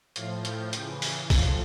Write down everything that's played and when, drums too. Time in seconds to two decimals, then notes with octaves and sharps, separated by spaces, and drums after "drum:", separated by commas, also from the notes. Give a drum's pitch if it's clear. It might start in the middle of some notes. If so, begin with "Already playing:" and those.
0.16 A2 F3 F5, drum: hi-hat
0.45 G5, drum: hi-hat
0.73 C#3 E3 G5, drum: hi-hat
1.02 F5, drum: open hi-hat
1.30 A2 F3 D5, drum: kick, open hi-hat